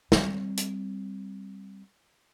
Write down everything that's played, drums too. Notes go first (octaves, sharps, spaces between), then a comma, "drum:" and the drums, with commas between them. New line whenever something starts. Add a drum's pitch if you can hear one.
G3 C4, drum: snare
drum: hi-hat